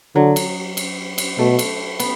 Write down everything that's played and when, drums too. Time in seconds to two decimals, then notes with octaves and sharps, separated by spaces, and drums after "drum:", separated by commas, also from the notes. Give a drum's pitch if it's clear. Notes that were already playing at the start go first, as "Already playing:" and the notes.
0.16 D3 F#3
0.36 drum: cymbal
0.77 drum: cymbal
1.18 drum: cymbal
1.39 B2 A3
1.59 drum: cymbal
2.00 B3, drum: cymbal